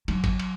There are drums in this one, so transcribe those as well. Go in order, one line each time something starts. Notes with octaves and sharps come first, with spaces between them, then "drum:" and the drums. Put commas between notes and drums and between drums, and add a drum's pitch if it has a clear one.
F#3, drum: cymbal
drum: kick, cymbal
drum: cymbal